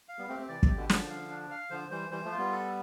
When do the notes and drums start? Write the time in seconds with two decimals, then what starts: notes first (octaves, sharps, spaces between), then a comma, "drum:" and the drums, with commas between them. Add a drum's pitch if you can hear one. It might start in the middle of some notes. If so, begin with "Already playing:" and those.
0.09 F5
0.19 G3 B3
0.28 A3 C4 G4
0.39 A3 C4
0.49 C3 E3 D5
0.63 C3, drum: kick
0.69 G4
0.76 B2 D3
0.89 D3 F3 D4, drum: snare
1.10 F5
1.30 D4
1.51 F5
1.70 D3 F3 C5
1.91 E3 G3 C5
2.11 E3 G3 C5
2.24 F3 A3
2.32 F4
2.38 G3 B3
2.52 A4